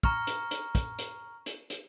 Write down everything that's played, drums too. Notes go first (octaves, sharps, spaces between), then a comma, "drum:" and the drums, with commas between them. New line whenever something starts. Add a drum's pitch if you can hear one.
A#5 C#6 F6, drum: kick
drum: hi-hat
drum: hi-hat
drum: kick, hi-hat
drum: hi-hat
drum: hi-hat
drum: hi-hat